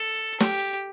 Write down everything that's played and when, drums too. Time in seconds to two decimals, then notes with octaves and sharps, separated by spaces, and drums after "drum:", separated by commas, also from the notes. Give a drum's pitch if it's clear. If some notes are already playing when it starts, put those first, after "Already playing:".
Already playing: A4
0.40 G4, drum: snare